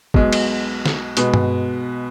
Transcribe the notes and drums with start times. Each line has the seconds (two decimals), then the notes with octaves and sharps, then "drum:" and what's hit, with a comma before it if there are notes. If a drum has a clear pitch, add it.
0.14 B1 B2 G#3, drum: kick
0.33 drum: cymbal
0.85 drum: snare
1.17 B2 G#3 B3, drum: hi-hat
1.34 drum: tom G2